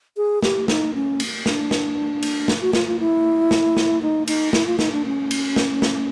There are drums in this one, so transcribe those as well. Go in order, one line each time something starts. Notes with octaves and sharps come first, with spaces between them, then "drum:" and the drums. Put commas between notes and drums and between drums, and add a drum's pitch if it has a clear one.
G#4
G4, drum: snare
D#4, drum: snare
C#4
drum: cymbal
D4, drum: snare
drum: snare
drum: cymbal
drum: snare
F#4
F4, drum: snare
F4
E4
drum: snare
drum: snare
D#4
D#4, drum: cymbal
E4, drum: snare
F4
D#4, drum: snare
D4
C#4
drum: cymbal
drum: snare
drum: snare